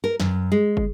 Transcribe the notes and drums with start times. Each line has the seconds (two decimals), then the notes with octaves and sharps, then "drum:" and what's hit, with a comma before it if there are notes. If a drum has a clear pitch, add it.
0.04 A#4
0.20 F#2, drum: snare
0.52 G#3
0.77 drum: kick